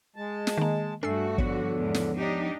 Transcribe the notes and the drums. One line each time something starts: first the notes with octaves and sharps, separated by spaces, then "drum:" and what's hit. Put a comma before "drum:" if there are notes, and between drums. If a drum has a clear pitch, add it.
G#3 A5
drum: snare
D#3 A#3
G2 A3 D4 F#4 A4 G#5 E6 C7
D3 F3 B3 C#5, drum: kick
E2 G#2
drum: snare
D4 D#4 G4